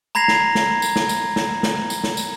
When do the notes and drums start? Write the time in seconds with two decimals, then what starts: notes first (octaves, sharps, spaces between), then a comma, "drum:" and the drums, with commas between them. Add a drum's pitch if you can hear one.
0.15 A#5 B5 G#6 A#6 C7 F7
0.28 drum: snare
0.55 drum: snare
0.82 drum: tambourine
0.96 drum: snare
1.09 drum: tambourine
1.36 drum: snare
1.63 drum: snare
1.90 drum: tambourine
2.04 drum: snare
2.17 drum: tambourine